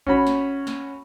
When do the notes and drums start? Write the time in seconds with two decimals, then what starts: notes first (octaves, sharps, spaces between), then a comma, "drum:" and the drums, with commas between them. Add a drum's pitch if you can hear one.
0.07 C#4 F#4 B5, drum: kick G#1
0.27 drum: snare
0.67 drum: snare